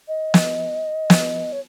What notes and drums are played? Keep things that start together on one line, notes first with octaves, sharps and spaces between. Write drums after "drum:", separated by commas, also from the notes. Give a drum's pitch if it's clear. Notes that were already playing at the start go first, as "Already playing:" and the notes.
D#5
drum: snare
drum: snare
C#5